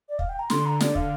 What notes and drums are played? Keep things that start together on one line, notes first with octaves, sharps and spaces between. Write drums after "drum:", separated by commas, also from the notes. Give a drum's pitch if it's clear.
D5
F5, drum: kick
G5
A#5
D3 C6, drum: snare
A#5
D5, drum: snare
F5, drum: kick